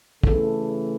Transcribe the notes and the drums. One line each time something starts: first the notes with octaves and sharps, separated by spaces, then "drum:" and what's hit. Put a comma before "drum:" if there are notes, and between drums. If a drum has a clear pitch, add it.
C#3 E3 A3 A4, drum: kick